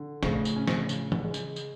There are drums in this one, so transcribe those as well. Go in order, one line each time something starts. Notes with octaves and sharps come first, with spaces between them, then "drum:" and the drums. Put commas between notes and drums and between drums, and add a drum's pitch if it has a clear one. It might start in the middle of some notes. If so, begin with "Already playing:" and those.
Already playing: D3
A2 C#3, drum: snare
drum: tambourine
C#4
drum: snare
C#3, drum: tambourine
drum: tom
G#3
drum: tambourine
drum: tambourine